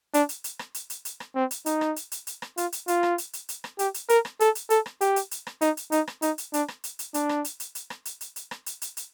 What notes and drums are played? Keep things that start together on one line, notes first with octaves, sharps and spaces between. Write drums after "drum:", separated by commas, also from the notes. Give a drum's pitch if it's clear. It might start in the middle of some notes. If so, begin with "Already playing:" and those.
D4, drum: hi-hat
drum: hi-hat
drum: hi-hat
drum: rim click
drum: hi-hat
drum: hi-hat
drum: hi-hat
drum: rim click
C4
drum: hi-hat
D#4, drum: hi-hat
drum: rim click
drum: hi-hat
drum: hi-hat
drum: hi-hat
drum: rim click
F4, drum: hi-hat
drum: hi-hat
F4, drum: hi-hat
drum: rim click
drum: hi-hat
drum: hi-hat
drum: hi-hat
drum: rim click
G4, drum: hi-hat
drum: hi-hat
A#4, drum: hi-hat
drum: rim click
A4, drum: hi-hat
drum: hi-hat
A4, drum: hi-hat
drum: rim click
G4, drum: hi-hat
drum: hi-hat
drum: hi-hat
drum: rim click
D#4, drum: hi-hat
drum: hi-hat
D#4, drum: hi-hat
drum: rim click
D#4, drum: hi-hat
drum: hi-hat
D4, drum: hi-hat
drum: rim click
drum: hi-hat
drum: hi-hat
D4, drum: hi-hat
drum: rim click
drum: hi-hat
drum: hi-hat
drum: hi-hat
drum: rim click
drum: hi-hat
drum: hi-hat
drum: hi-hat
drum: rim click
drum: hi-hat
drum: hi-hat
drum: hi-hat